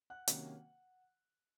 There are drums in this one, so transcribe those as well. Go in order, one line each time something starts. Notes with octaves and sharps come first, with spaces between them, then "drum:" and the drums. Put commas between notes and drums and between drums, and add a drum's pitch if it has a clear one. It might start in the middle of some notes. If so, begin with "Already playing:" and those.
F#5 F#6
C3 D#3 F#3 A#3 C#4, drum: hi-hat